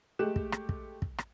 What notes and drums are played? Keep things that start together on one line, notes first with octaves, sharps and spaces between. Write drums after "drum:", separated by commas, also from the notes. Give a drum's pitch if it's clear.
G#3 A3 G4 F#6 E7
drum: kick
drum: rim click
drum: kick
drum: kick
drum: rim click